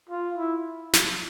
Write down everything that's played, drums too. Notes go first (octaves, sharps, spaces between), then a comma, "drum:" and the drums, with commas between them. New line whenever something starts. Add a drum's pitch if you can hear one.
F4
E4
drum: snare